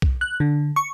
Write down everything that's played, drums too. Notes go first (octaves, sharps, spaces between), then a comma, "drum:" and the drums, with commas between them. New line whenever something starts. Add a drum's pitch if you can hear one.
drum: kick B1
F#6
D3
C#6